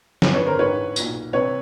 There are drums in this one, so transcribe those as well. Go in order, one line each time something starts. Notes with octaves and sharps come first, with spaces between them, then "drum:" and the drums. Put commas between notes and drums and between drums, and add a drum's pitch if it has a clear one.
G1 F2 D3, drum: snare
B4 C#5
A#4 C5
A1 G#2 E3 B4 C#5
B1 A#2, drum: tambourine
C2 C3 E3 B4 C#5